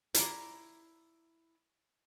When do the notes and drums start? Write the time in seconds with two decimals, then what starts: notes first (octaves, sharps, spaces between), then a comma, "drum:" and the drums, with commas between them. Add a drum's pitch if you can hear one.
0.14 E4 F4 D5 A#5, drum: hi-hat